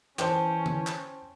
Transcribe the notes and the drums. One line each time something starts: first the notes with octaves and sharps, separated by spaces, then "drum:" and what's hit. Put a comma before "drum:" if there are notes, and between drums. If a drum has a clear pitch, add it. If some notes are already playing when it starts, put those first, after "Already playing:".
E3 C#4 C5 C#5 G5 A5, drum: clap
drum: tom D3
drum: clap